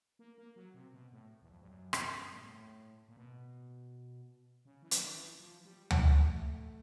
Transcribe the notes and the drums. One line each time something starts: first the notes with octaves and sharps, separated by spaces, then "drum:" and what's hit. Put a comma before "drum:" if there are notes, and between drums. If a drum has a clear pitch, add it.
A#3
A#3
F#3
C3
B2
A2
E2
F2
G2
F#2
drum: rim click
G2
A#2
A2
A#2
B2
C#3
E3
D#3, drum: hi-hat
E3
F3
G3
A3, drum: tom D2